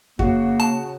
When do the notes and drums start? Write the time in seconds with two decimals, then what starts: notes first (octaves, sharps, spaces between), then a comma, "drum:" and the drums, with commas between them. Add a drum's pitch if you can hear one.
0.19 C#3 A#3 F#4, drum: kick F2
0.60 A5